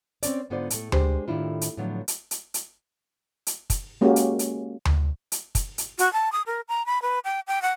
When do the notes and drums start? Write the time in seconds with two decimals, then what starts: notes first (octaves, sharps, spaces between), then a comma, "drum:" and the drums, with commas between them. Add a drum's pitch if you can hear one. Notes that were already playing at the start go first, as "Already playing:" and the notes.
0.23 C4 C#4 D5, drum: hi-hat
0.50 G#2 D3 B3 F4 C5 D5
0.70 A2 A3, drum: hi-hat
0.92 G#3 D4 G4 C5, drum: tom D2
1.28 A2 D#3 D4 E4 F4
1.61 drum: hi-hat
1.77 A2 D3 F3 F#3 B3 D4
2.08 drum: hi-hat
2.31 drum: hi-hat
2.54 drum: hi-hat
3.47 drum: hi-hat
3.70 drum: kick, hi-hat
4.01 G#3 A#3 C#4 F#4 G4
4.16 drum: hi-hat
4.39 drum: hi-hat
4.85 drum: tom D2
5.32 drum: hi-hat
5.55 drum: kick, hi-hat
5.78 drum: hi-hat
5.99 F#4, drum: hi-hat
6.13 A5
6.32 D#6
6.47 A#4
6.69 A#5
6.86 B5
7.02 B4
7.25 G5
7.48 G5
7.62 F#5